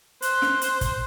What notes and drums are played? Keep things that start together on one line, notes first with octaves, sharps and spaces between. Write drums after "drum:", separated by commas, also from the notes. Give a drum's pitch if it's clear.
C5 F#6, drum: hi-hat
drum: snare
drum: hi-hat
drum: kick, hi-hat